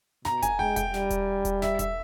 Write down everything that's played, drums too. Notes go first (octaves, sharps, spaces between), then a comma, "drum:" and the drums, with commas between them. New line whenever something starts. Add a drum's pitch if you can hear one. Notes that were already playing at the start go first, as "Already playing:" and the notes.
B2 A#5, drum: snare
G#5, drum: kick E1, hi-hat
G#3 G5
G5, drum: kick E1, hi-hat
G3, drum: snare
drum: kick E1, hi-hat
drum: kick E1, hi-hat
E5, drum: snare
E5, drum: kick E1, hi-hat